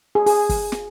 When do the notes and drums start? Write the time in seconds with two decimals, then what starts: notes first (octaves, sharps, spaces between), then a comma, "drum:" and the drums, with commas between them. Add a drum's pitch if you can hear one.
0.15 G#4
0.26 G#4, drum: open hi-hat
0.49 drum: kick, open hi-hat
0.72 drum: snare